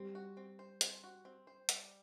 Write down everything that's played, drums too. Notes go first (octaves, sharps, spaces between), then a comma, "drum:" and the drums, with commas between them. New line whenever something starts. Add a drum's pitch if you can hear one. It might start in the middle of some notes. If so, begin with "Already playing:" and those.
Already playing: G3 C4
F#4
C4
C5
C4, drum: hi-hat
F#4
C4
C5
G3, drum: hi-hat